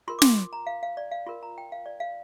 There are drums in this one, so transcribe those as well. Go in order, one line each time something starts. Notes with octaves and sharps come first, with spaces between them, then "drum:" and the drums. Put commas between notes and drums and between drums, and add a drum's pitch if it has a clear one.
F4 A#4 C6
D6
C6, drum: snare
C6
A#5
F5
F5
D5
F5
F4 A#4 C6
A#5
G5
F5
D5
F5